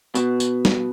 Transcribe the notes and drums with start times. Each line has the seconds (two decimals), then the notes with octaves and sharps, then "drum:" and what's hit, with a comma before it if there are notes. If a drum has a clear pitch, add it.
0.15 B2, drum: tambourine
0.40 drum: tambourine
0.65 drum: snare